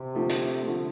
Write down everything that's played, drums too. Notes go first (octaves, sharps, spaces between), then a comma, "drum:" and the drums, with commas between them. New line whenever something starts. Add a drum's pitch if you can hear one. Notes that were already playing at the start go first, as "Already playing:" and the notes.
Already playing: C3
D3 F3 A3
drum: hi-hat
D3 F3 A3